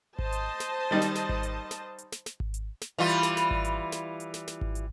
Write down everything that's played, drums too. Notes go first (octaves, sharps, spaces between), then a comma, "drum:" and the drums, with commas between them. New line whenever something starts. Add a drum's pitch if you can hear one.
C5 D#5 A5, drum: kick G#1
drum: hi-hat
drum: snare
D#3 G3 D#4
drum: snare
drum: snare
drum: kick G#1
drum: hi-hat
drum: snare
drum: hi-hat
drum: snare
drum: snare
drum: kick G#1
drum: hi-hat
drum: snare
E3 G3 F4
drum: hi-hat
drum: snare
drum: snare
drum: kick G#1
drum: hi-hat
drum: snare
drum: hi-hat
drum: snare
drum: snare
drum: kick G#1
drum: hi-hat